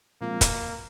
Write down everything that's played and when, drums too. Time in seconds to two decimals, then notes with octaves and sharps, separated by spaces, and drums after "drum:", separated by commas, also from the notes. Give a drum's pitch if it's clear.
0.21 A#2 F3 G#3 A#3 C4 F4
0.41 drum: kick, hi-hat